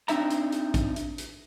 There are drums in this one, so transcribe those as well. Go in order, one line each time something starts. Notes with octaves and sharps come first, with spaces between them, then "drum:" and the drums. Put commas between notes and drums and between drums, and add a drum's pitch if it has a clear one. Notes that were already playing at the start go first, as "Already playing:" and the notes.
C4 D4 D#4 E5 A#5, drum: hi-hat
drum: hi-hat
drum: hi-hat
drum: kick, hi-hat
drum: hi-hat
drum: hi-hat